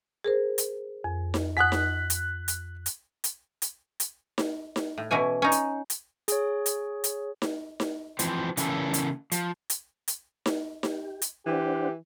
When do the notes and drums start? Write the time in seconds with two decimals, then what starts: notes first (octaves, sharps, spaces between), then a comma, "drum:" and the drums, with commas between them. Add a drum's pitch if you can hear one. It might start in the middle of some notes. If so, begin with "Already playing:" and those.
0.24 G#4 A#4 C5
0.58 drum: hi-hat
1.04 F2
1.34 drum: snare D#4
1.57 F2 F#5 D#6 F#6 B6
1.72 drum: snare D#4
2.10 drum: hi-hat
2.48 drum: hi-hat
2.86 drum: hi-hat
3.24 drum: hi-hat
3.62 drum: hi-hat
4.00 drum: hi-hat
4.38 drum: snare D#4
4.76 drum: snare D#4
4.98 A2
5.11 B2 E3 C#4 G#5
5.42 C#4 D#4
5.52 drum: hi-hat
5.90 drum: hi-hat
6.28 G#4 C#5, drum: hi-hat
6.66 drum: hi-hat
7.04 drum: hi-hat
7.42 drum: snare D#4
7.80 drum: snare D#4
8.19 E3 F3 C4, drum: hi-hat
8.57 C#3 E3 A#3 C#4 A4 B4, drum: hi-hat
8.94 drum: hi-hat
9.32 F3, drum: hi-hat
9.70 drum: hi-hat
10.08 drum: hi-hat
10.46 drum: snare D#4
10.83 G4, drum: snare D#4
11.22 drum: hi-hat
11.46 E3 D4 G4 C5 F#5